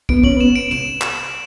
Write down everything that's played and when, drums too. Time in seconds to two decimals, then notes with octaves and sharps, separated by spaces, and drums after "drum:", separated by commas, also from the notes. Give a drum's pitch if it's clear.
0.09 B3 D7, drum: kick
0.23 C#4 F#7, drum: kick
0.36 B3 E7
0.56 D7
0.71 E7, drum: tom
1.01 drum: clap